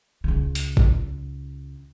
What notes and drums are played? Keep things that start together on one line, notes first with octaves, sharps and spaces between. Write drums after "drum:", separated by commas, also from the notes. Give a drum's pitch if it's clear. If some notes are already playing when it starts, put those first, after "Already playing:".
C#2 C#3
drum: hi-hat
drum: kick G#1